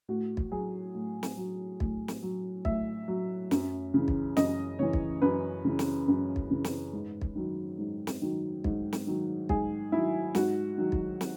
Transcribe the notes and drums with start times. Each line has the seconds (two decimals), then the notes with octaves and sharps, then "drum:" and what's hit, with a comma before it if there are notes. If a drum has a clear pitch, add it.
0.08 A2 F#4
0.37 drum: kick
0.51 F#3 G#4
0.95 A2
1.23 drum: snare
1.37 F#3
1.80 A2, drum: kick
2.08 drum: snare
2.23 F#3
2.65 A2 E5, drum: kick
3.08 F#3
3.51 F#2, drum: snare
3.94 C#3 E3
4.08 drum: kick
4.37 F#2 D#5, drum: snare
4.79 C#3 E3 C#5
4.93 drum: kick
5.22 F#2 B4
5.65 C#3 E3
5.79 drum: snare
6.08 F#2
6.36 drum: kick
6.51 C#3 E3
6.64 drum: snare
6.93 G#2
7.21 drum: kick
7.35 D#3 F#3
7.79 G#2
8.07 drum: snare
8.22 D#3 F#3
8.64 G#2, drum: kick
8.93 drum: snare
9.07 D#3 F#3
9.49 G#2 G#4, drum: kick
9.92 D#3 F#3 E4
10.35 G#2 F#4, drum: snare
10.78 D#3 F#3
10.92 drum: kick
11.21 drum: snare